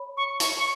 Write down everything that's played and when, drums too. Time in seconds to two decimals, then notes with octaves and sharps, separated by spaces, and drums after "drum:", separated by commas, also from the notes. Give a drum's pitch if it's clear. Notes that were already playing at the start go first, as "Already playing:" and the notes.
Already playing: C#5 B5
0.17 C#6
0.40 C#6, drum: hi-hat
0.59 C#6